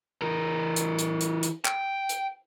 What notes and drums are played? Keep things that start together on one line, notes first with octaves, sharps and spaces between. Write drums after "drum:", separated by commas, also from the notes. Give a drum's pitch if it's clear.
E3 A#4
drum: hi-hat
drum: hi-hat
drum: hi-hat
drum: hi-hat
G5, drum: clap
drum: hi-hat